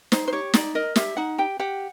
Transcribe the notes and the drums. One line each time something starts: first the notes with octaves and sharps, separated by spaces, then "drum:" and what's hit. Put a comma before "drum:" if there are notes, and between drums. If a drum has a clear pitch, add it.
D#4 C5, drum: snare
C5
G4 C#5
D#4 D5, drum: snare
A#4 D#5
G4 E5, drum: snare
D#4 F#5
G4 G5
G4 F#5